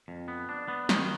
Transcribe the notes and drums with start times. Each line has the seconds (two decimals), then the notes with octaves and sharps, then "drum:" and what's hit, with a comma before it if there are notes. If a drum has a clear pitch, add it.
0.08 F2
0.28 B3
0.49 D4
0.68 B3
0.89 D#3, drum: snare